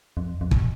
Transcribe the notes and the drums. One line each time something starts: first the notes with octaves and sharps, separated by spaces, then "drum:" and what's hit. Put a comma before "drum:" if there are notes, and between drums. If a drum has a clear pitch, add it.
F2
F2
drum: kick